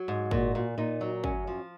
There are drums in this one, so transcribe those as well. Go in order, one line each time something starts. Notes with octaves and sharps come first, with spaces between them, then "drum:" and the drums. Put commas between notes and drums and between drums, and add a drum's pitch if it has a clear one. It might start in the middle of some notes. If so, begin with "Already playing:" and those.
Already playing: F#3
G#2
A#2 F#4, drum: kick
A#2
A#2 D#4
F#3
F#2 C#4, drum: kick
F3